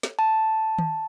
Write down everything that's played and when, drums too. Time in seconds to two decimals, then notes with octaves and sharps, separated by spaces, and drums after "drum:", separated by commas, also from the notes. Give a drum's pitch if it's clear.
0.03 drum: snare
0.19 A5
0.78 drum: tom D#3